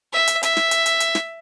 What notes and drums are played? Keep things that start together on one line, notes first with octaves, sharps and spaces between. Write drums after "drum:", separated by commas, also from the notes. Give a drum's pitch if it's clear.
E5
drum: hi-hat
E5, drum: hi-hat
drum: snare
drum: hi-hat
drum: hi-hat
drum: hi-hat
drum: snare